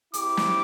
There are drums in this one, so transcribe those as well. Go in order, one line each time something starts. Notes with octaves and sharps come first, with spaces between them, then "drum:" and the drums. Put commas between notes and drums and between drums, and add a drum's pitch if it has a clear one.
C4 E4 G4 D6, drum: hi-hat
drum: snare